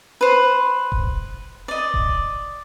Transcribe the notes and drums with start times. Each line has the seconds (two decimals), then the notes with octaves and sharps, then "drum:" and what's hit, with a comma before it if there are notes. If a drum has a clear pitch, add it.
0.21 B4 C5
0.92 drum: kick D#1
1.68 D5 D#5
1.94 drum: kick D#1